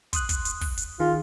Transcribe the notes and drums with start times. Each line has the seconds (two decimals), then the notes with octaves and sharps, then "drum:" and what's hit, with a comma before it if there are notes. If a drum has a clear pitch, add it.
0.13 C6 D#6 F#6, drum: kick, hi-hat
0.29 drum: kick, hi-hat
0.45 drum: hi-hat
0.61 drum: kick, open hi-hat
0.77 drum: hi-hat
1.00 D#3 F4 G#4